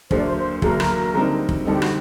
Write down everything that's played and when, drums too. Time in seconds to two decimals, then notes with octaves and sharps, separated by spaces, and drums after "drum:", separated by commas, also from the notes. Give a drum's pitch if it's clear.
0.11 D2 D3 F#3 A#3 C5, drum: kick
0.18 D5
0.26 C5
0.37 C5
0.62 D2 D3 F#3 A#3 A#4, drum: kick
0.80 drum: rim click
1.14 D3 G3 C4 D#4
1.49 drum: kick
1.65 D3 G3 C4 D#4 A4
1.74 G4
1.82 F#4, drum: rim click